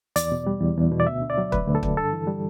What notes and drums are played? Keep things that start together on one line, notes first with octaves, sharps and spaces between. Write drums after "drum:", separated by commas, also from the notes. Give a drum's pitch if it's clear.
E2 D5, drum: hi-hat
B2
G3
E2
E2
B2
D5
D2 E5
D3
D5
F#3
D2 B4, drum: kick
D2
A4
D3, drum: kick
G2 A4
E3
G3